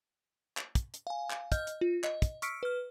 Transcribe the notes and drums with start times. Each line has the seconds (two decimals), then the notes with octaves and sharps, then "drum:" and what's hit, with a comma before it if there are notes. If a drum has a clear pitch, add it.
0.57 drum: clap
0.75 drum: kick, hi-hat
0.94 drum: hi-hat
1.07 F5 G#5
1.30 drum: clap
1.52 D#5 F6 G6, drum: kick, hi-hat
1.67 drum: hi-hat
1.81 F4
2.04 D#5, drum: clap
2.22 drum: kick, hi-hat
2.42 C#6 E6 F6 B6 C#7 D7, drum: hi-hat
2.63 B4 F6